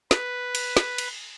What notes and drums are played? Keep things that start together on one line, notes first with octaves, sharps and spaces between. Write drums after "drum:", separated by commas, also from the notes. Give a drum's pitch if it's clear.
B4, drum: snare
drum: cymbal
drum: snare
drum: cymbal